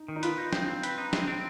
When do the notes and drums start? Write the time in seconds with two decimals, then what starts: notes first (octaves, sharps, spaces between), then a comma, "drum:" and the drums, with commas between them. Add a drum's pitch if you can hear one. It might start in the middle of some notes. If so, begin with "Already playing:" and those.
Already playing: D#4
0.08 D#3
0.16 D#4
0.23 F4 B4, drum: hi-hat
0.38 D#4
0.53 C4, drum: snare
0.68 C4
0.83 B4, drum: hi-hat
0.98 D#4
1.13 C4, drum: snare
1.27 C4